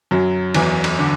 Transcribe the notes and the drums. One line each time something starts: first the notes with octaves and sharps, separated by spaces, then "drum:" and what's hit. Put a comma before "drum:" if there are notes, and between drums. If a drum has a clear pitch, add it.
F#2 F#3
E2 E3, drum: cymbal
drum: cymbal
D3